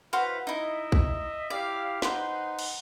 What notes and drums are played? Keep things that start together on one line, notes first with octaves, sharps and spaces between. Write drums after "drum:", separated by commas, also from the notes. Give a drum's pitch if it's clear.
E4 F#4 B4 C5 F5
D#4 E4 D#5 E5
drum: kick
E4 G4 D5 F5
D#4 B4 C5 F#5 C6, drum: snare
drum: cymbal